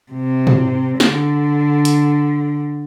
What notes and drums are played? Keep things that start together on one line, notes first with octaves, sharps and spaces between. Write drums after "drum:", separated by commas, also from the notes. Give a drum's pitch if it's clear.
C3
drum: tom
D3, drum: snare
drum: hi-hat